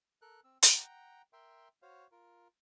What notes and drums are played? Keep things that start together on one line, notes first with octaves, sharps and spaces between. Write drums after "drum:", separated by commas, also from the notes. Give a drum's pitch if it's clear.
A4 A#4 F#6
C4 E6
F#5 G5 A#5, drum: hi-hat
A#4 E5 G5 C6
F#4 C5 C#5 F5
F4 A#4